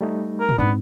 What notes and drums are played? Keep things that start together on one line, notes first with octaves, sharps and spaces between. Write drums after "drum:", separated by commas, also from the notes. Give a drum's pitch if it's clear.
G3 A3 D#4
A#4
drum: tom A2
G#2 B3 C4 D4